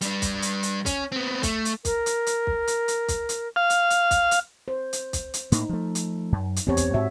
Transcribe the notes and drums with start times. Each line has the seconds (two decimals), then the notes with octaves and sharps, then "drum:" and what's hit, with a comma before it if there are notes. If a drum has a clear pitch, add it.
0.01 G3 D4, drum: hi-hat
0.22 drum: kick, hi-hat
0.42 drum: hi-hat
0.63 drum: hi-hat
0.86 C#4, drum: kick, hi-hat
1.12 B3 C4
1.43 A3, drum: kick, hi-hat
1.65 drum: hi-hat
1.85 A#4, drum: kick, hi-hat
2.06 drum: hi-hat
2.27 drum: hi-hat
2.47 drum: kick
2.67 drum: hi-hat
2.88 drum: hi-hat
3.08 drum: kick, hi-hat
3.29 drum: hi-hat
3.56 F5
3.70 drum: hi-hat
3.90 drum: hi-hat
4.11 drum: kick, hi-hat
4.31 drum: hi-hat
4.68 C5
4.93 drum: hi-hat
5.13 drum: kick, hi-hat
5.34 drum: hi-hat
5.52 A2 A#3 D#4, drum: hi-hat
5.69 F3 A3
5.95 drum: hi-hat
6.32 F#2
6.56 drum: hi-hat
6.67 E2 G2 B3 C4 G4 C#5
6.77 drum: kick, hi-hat
6.94 G#2 F#4 E5